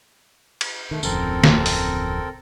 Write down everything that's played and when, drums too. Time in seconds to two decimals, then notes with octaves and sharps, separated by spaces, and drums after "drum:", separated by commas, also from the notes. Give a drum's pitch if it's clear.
0.61 drum: cymbal
0.91 D#3 A3
1.03 D1 F2 C#3 C4 A4 A#4, drum: tambourine
1.44 drum: snare
1.66 drum: open hi-hat